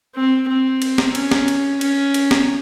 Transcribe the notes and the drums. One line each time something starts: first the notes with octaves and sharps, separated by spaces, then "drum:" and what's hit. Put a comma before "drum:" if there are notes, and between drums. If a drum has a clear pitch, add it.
C4
C4
drum: cymbal
drum: snare
C#4, drum: cymbal
drum: snare
drum: cymbal
C#4, drum: cymbal
drum: cymbal
drum: snare